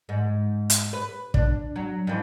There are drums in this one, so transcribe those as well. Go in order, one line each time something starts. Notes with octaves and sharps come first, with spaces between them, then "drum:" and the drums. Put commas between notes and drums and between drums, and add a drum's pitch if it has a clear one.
G#2
drum: hi-hat
B4
D4, drum: kick
F#3
F2 G#2 E3